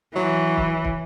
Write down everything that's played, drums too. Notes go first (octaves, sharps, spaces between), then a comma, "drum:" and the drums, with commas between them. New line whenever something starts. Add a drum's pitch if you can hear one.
E3 F#3
drum: kick
drum: kick